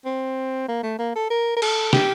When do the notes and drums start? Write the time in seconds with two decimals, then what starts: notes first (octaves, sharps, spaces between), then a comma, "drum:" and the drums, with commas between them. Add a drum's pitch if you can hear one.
0.05 C4
0.68 A#3
0.83 A3
0.99 A#3
1.15 A4
1.30 A#4
1.57 A#4
1.62 A4, drum: cymbal
1.93 G4, drum: snare